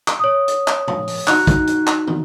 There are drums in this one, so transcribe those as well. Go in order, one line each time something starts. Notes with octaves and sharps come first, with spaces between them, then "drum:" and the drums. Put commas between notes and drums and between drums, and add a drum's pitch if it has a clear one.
drum: clap
C#5 D#6
drum: hi-hat
drum: clap
drum: tom G#2
drum: open hi-hat
D#4 F#4 F#6, drum: clap
drum: kick, hi-hat
drum: hi-hat
drum: clap
drum: tom